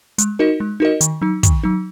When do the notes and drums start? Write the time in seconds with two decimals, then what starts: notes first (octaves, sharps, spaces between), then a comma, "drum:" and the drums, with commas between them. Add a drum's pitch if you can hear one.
0.18 G#3, drum: hi-hat
0.39 D#4 F#4 A#4 D#5
0.60 G#3
0.80 D#4 F#4 A#4 D#5
1.01 D#3, drum: hi-hat
1.22 F#3 D#4
1.43 D#3, drum: kick, hi-hat
1.64 F#3 D#4